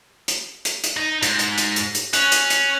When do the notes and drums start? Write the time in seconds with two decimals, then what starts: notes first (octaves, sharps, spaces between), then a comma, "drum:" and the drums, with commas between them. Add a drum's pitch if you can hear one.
0.28 drum: hi-hat
0.65 drum: hi-hat
0.84 drum: hi-hat
0.97 D#4
1.23 G#2 A#6, drum: hi-hat
1.39 drum: hi-hat
1.58 drum: hi-hat
1.76 drum: hi-hat
1.95 drum: hi-hat
2.13 C#4 F#6 F7 F#7, drum: hi-hat
2.32 drum: hi-hat
2.50 drum: hi-hat